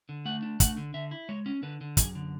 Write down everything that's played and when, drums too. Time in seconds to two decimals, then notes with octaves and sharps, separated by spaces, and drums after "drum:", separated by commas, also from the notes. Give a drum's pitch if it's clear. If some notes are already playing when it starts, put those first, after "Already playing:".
0.09 D3
0.25 A3 F#5
0.42 D4
0.60 A3 F#5, drum: kick, hi-hat
0.77 D3
0.94 D3 E5
1.11 E4
1.29 G#3 C#5
1.46 C#4
1.63 D3 B4
1.81 D3
1.97 F#2 G#4, drum: kick, hi-hat
2.15 D3